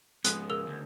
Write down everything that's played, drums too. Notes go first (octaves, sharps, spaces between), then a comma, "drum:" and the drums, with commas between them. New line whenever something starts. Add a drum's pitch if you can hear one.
G#2 F3 G#3 B3 F#6, drum: hi-hat
C#3 A#4 E6 F7
D2